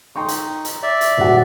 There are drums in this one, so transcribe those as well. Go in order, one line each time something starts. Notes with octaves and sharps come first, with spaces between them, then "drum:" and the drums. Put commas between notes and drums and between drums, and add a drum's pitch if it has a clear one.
D#4 G5 C6 C#6
drum: hi-hat
drum: hi-hat
D5 E5
drum: hi-hat
D#1 F#4 F#5